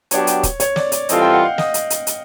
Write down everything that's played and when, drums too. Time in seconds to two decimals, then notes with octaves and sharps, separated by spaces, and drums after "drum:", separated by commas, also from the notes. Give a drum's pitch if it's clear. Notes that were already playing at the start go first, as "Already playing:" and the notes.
0.11 F#3 B3 D4 G4 C#5, drum: hi-hat
0.27 drum: hi-hat
0.43 drum: kick D#1, hi-hat
0.60 C#5, drum: hi-hat
0.76 D5, drum: snare
0.92 D5, drum: hi-hat
1.09 E3 G3 C4 F4 A4 D#5, drum: hi-hat
1.22 G5
1.33 F#5
1.45 F5
1.58 D#5, drum: snare
1.74 drum: hi-hat
1.90 drum: hi-hat
2.07 drum: hi-hat